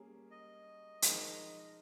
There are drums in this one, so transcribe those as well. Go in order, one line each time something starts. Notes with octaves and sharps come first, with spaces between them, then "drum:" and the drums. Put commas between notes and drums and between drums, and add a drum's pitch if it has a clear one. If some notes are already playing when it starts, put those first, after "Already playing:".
Already playing: G3 A#3 C#4 G#4
D#5
F3 G#3 D#4 A#4, drum: hi-hat